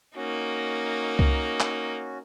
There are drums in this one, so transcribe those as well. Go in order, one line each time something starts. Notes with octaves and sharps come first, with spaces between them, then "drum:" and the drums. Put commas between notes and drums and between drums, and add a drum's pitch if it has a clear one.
A#3 C#4 D#4 F#4
drum: kick C2
drum: clap